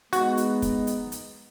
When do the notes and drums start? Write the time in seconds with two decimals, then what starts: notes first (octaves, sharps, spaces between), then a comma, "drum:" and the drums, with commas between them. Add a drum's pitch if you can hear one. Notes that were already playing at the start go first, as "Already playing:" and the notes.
0.13 G#3 B3 D#4 F#4, drum: hi-hat
0.37 drum: hi-hat
0.62 drum: kick, hi-hat
0.87 drum: hi-hat
1.12 drum: hi-hat